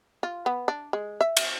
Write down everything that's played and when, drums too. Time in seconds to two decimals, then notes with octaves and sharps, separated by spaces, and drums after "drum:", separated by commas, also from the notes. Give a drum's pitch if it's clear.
0.23 F4
0.46 B3
0.68 D4
0.93 G#3
1.21 E5
1.37 drum: cymbal